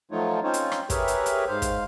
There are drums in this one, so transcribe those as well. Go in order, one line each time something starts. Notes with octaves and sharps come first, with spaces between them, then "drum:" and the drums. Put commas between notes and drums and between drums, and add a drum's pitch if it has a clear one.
F3 F#3 A3 D#4 F4 C#5
C4 C#4 D#4 F4 C5 C#5
drum: hi-hat
drum: rim click
G4 G#4 A#4 B4 C#5 E5, drum: kick, hi-hat
drum: hi-hat
drum: hi-hat
G#2 C5 F5
drum: kick, hi-hat